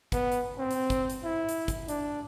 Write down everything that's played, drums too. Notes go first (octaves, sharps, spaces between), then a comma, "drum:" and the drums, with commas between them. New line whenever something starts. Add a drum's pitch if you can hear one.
B3, drum: kick, hi-hat
drum: hi-hat
C4
drum: hi-hat
drum: kick, hi-hat
drum: hi-hat
E4
drum: hi-hat
drum: kick, hi-hat
D4, drum: hi-hat